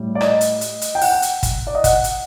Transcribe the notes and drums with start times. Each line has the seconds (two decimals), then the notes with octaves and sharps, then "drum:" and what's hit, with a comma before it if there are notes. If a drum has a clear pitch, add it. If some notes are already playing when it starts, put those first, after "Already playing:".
Already playing: A2 G3
0.15 D5
0.21 D#5, drum: rim click
0.41 drum: hi-hat
0.61 drum: hi-hat
0.82 drum: hi-hat
0.95 G5
1.02 F#5, drum: open hi-hat
1.22 drum: hi-hat
1.43 drum: kick, hi-hat
1.67 D5
1.75 D#5
1.84 F#5, drum: kick, hi-hat
2.04 drum: hi-hat